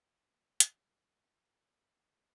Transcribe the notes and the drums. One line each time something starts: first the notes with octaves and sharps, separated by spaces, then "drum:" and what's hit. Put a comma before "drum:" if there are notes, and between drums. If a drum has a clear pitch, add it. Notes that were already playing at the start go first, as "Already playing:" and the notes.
Already playing: G#3
A#3
G#3
G3
D#3, drum: hi-hat
G3
G#3
A#3
G#3